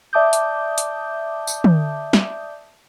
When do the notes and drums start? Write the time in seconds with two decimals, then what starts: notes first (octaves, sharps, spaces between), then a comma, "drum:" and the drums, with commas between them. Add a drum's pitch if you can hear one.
0.13 D5 E5 A5 D6 D#6 G6
0.33 drum: hi-hat
0.78 drum: hi-hat
1.47 drum: tambourine
1.64 drum: tom
2.13 drum: snare